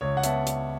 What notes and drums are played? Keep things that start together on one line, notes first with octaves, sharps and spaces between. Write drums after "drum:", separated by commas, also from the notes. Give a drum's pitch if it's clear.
C#2 C#5
F#5
B3 E5 A5, drum: hi-hat
drum: hi-hat